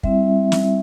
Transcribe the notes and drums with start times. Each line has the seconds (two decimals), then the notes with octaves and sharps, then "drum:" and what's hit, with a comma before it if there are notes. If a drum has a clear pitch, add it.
0.03 G3 C4 E4 E5, drum: kick
0.52 drum: snare